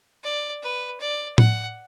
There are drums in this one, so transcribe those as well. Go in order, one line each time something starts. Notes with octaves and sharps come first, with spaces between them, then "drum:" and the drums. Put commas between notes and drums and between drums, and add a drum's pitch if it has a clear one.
D5
B4
D5
F#5, drum: tom A2